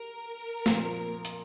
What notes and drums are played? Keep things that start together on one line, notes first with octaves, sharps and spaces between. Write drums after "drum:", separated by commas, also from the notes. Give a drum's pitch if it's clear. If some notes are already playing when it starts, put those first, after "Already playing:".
Already playing: G3 A#4
A#2 F3 C4, drum: snare A#3
drum: hi-hat